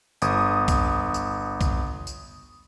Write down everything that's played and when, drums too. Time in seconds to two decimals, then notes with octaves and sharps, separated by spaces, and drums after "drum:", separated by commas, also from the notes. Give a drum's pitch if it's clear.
0.22 G1 D#6, drum: tambourine
0.68 drum: kick B1, tambourine
1.14 drum: tambourine
1.61 drum: kick B1, tambourine
2.07 drum: tambourine